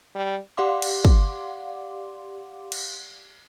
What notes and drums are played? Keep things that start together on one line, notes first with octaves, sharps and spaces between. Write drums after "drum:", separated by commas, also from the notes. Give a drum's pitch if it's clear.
G3
G4 D5 F5 F#5 C6 D6
drum: cymbal
drum: kick
drum: cymbal